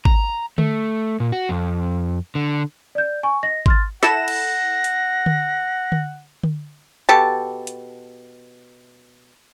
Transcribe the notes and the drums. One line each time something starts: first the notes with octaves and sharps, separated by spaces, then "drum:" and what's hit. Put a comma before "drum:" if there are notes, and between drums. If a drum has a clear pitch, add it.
A#5, drum: kick G#1
A3, drum: tom D3
A#2
F#4
F2
D3
D5 G6
G#5 C#6
D#5 A#6
C6 F6 A6, drum: kick G#1
E4 A4 F#5 A#6 E7, drum: snare
drum: cymbal
drum: hi-hat
drum: tom D3
drum: tom D3
drum: tom D3
B2 G4 A4 A5
drum: hi-hat